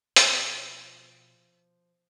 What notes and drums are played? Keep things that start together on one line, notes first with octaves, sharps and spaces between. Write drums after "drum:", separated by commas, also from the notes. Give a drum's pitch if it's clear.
B2 F3 F4, drum: hi-hat